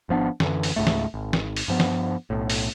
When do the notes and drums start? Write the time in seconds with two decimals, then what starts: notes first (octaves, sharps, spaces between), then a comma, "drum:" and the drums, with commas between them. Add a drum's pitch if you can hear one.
0.09 G#1 F3 B3 D4
0.40 F#2 D3 E3, drum: snare
0.63 drum: open hi-hat
0.76 C#2 G#2 A3
0.87 drum: snare
1.14 G#1
1.33 drum: snare
1.56 drum: open hi-hat
1.68 G2 F3 B3
1.80 drum: snare
2.30 B1 A2
2.50 drum: open hi-hat